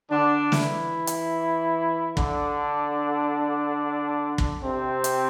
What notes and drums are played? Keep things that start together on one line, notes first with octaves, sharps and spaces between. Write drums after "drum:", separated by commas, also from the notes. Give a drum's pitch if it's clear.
D3 D4
E3 E4, drum: snare
drum: hi-hat
D3 D4, drum: kick
drum: kick
C3 C4
drum: hi-hat